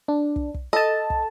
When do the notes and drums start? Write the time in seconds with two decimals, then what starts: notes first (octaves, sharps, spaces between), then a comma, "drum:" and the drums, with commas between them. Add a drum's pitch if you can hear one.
0.08 D4
0.36 drum: kick
0.54 drum: kick
0.73 A4 D#5 A5
1.10 drum: kick